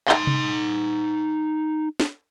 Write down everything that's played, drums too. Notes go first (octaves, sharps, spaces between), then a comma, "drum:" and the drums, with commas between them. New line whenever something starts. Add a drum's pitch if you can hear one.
D#4 C6, drum: clap
drum: tom C3
drum: snare